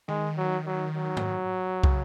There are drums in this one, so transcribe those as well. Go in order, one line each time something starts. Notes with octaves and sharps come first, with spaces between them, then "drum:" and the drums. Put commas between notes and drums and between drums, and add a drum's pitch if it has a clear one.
D#3 G#3
F#3
F#3
F#3
drum: tom G#2
C#3, drum: kick